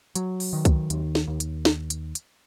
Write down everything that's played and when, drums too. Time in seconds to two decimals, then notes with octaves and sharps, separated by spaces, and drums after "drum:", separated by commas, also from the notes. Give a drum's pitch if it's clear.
0.15 F#3, drum: hi-hat
0.40 drum: open hi-hat
0.53 D#3
0.65 drum: kick C2, hi-hat
0.90 D#2, drum: hi-hat
1.15 drum: snare
1.28 D#2
1.40 drum: hi-hat
1.65 drum: snare
1.90 drum: hi-hat
2.15 drum: hi-hat